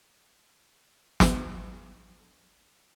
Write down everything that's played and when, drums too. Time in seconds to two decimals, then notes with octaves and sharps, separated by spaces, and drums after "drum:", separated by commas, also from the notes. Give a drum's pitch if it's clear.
1.20 drum: snare
2.20 D4 A4 D5 A5